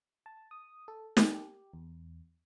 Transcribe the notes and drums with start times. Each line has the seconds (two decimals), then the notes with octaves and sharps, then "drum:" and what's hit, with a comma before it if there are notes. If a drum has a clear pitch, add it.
0.26 A5
0.51 D#6
0.88 A4
1.17 G4, drum: snare
1.34 G4
1.74 E2